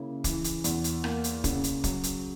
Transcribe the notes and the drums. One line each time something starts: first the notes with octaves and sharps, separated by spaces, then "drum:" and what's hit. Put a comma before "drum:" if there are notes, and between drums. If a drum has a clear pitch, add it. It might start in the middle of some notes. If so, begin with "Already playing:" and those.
Already playing: C#3 A#3 E4
E3, drum: kick, hi-hat
drum: hi-hat
E2, drum: hi-hat
drum: hi-hat
A#3, drum: rim click
drum: hi-hat
C#3, drum: kick, hi-hat
drum: hi-hat
F#3, drum: kick, hi-hat
drum: hi-hat